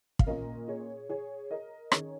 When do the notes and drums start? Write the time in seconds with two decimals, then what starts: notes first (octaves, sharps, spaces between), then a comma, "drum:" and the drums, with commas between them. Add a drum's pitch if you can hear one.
0.19 F5, drum: kick
0.27 A#2 A#3 C#4 A#4 D#5
0.68 G#4 C#5
1.09 G#4 C#5
1.51 A#4 D#5
1.92 D#3 C#4 G#4 C#5, drum: rim click